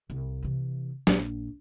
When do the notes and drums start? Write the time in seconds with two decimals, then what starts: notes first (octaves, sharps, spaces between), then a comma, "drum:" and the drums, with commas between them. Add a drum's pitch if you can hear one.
0.10 C2
0.43 C3 E3
1.07 A#1, drum: snare